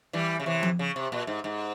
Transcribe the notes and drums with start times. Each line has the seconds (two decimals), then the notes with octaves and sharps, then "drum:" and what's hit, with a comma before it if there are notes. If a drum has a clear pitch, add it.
0.13 E3 G3
0.40 C#3
0.46 C3 E3
0.63 drum: tom F3
0.79 C#3
0.96 C3
1.12 A#2
1.27 G#2
1.44 G#2